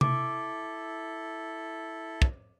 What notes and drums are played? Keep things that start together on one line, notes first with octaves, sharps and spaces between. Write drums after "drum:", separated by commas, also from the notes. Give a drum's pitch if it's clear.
E4 A4 D6, drum: tom C3
drum: kick